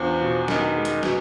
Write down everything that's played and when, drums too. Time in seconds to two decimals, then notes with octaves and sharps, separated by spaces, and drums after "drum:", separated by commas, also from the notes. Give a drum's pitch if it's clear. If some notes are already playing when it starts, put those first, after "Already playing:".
Already playing: E2 F3 D4 G4
0.21 B2
0.48 D#3 B3, drum: snare
0.76 G#3
0.85 drum: hi-hat
1.03 B2, drum: snare